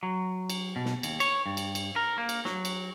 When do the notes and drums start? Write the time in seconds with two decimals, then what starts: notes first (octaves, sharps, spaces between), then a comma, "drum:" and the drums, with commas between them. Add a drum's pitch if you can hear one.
0.03 F#3
0.50 drum: cymbal
0.76 B2
0.85 drum: snare
1.03 D#2, drum: cymbal
1.20 C#5, drum: cymbal
1.46 G2
1.57 drum: cymbal
1.75 drum: cymbal
1.96 A#4
2.18 A#3
2.29 drum: cymbal
2.45 F#3, drum: snare
2.65 drum: cymbal